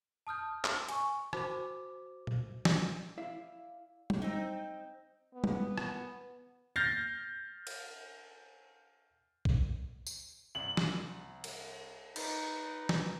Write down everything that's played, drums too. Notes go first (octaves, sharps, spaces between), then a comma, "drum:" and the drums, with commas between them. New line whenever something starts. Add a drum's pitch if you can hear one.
A5 D#6 F6 G6
drum: clap
G#5 C#6, drum: hi-hat
F#4 C5 D6, drum: rim click
drum: tom A#2
drum: snare
E4 D5 E5 F5
drum: tom G3
C4 D#4
B3
drum: tom G3
drum: rim click
F6 G6 A6 A#6 C7
drum: cymbal
drum: kick
drum: tambourine
C2 D5 F#7
drum: snare
drum: cymbal
D#4 A#4 B4 D#5, drum: cymbal
drum: snare